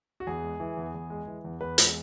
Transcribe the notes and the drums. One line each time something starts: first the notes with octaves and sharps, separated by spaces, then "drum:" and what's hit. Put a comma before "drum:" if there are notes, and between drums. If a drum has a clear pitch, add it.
F#4
E2 G#4
G#3
E3
E2
E2
G#3
E3
E2
E2 B4
G#3, drum: hi-hat